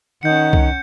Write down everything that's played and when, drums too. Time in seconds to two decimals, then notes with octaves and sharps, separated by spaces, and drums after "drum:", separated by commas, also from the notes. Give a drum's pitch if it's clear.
0.23 D#3 C#4 F#5 G6 C#7
0.53 drum: kick C2